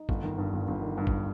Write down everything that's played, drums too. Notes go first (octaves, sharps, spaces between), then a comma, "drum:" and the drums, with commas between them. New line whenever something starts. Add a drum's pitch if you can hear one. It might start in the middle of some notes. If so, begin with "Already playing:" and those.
Already playing: D#4
G1, drum: kick
D#3
G2
G1
G1
D#3
G2
drum: kick